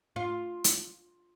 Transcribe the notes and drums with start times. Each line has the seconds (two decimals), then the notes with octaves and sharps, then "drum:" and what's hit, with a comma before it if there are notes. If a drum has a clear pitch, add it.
0.16 F4
0.64 drum: hi-hat